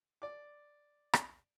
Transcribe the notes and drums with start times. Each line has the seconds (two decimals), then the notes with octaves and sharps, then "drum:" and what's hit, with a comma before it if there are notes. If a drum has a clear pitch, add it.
0.22 D5 D6
1.13 drum: rim click